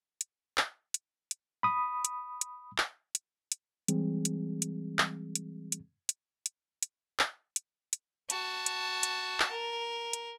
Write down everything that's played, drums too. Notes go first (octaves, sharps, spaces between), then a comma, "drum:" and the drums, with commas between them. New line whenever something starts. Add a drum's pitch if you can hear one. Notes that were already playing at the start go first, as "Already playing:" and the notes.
drum: hi-hat
drum: clap
drum: hi-hat
drum: hi-hat
B5 D#6
drum: hi-hat
drum: hi-hat
drum: clap
drum: hi-hat
drum: hi-hat
E3 G3 G#3 C4 G#4, drum: hi-hat
drum: hi-hat
drum: hi-hat
drum: clap
drum: hi-hat
drum: hi-hat
drum: hi-hat
drum: hi-hat
drum: hi-hat
drum: clap
drum: hi-hat
drum: hi-hat
F#4 A5, drum: hi-hat
drum: hi-hat
drum: hi-hat
drum: clap
A#4
drum: hi-hat